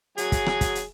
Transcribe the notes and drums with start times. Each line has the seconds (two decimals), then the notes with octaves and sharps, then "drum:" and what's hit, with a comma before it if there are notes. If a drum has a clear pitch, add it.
0.18 F#3 G#4 G#5, drum: hi-hat
0.32 drum: kick, hi-hat
0.46 drum: rim click
0.61 drum: kick, hi-hat
0.75 drum: hi-hat